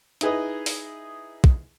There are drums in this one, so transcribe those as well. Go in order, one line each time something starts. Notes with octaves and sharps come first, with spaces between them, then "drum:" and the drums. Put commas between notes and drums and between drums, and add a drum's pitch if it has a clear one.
D#4 E4 G#4 B4 D#5, drum: hi-hat
drum: open hi-hat
drum: kick